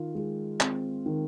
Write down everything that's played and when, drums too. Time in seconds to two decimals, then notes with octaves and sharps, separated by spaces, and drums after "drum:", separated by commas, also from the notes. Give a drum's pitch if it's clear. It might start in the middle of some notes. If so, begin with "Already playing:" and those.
Already playing: D#3 F4
0.15 G#3
0.60 C4, drum: clap
1.06 D#3